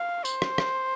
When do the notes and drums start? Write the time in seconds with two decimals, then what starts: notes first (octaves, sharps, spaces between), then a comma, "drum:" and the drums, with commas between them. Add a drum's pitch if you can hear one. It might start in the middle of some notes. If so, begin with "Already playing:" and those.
Already playing: F5
0.25 C5, drum: tambourine
0.42 drum: rim click
0.58 drum: rim click